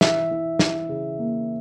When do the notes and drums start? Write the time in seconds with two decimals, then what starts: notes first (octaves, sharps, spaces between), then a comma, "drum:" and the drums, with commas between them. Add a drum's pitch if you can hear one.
0.01 E3 E5, drum: snare
0.31 E3
0.59 E3, drum: snare
0.89 C#3
1.19 A#3